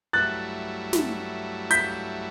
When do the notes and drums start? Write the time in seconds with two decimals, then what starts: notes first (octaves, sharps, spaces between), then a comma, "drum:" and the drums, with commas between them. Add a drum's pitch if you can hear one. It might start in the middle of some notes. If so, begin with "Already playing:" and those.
0.13 G2 F#3 A3 E4 F#6 A6
0.93 drum: snare
1.71 G6 B6, drum: hi-hat